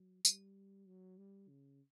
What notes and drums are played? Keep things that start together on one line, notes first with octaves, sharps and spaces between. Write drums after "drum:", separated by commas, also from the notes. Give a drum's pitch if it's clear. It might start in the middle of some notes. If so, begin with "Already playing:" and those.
Already playing: F#3
G3, drum: tambourine
F#3
G3
C#3